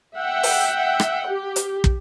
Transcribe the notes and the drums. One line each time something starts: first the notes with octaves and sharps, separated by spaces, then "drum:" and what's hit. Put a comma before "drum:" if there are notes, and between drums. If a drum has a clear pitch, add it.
E5 F#5 G5
drum: open hi-hat
drum: rim click
G4
drum: hi-hat
drum: kick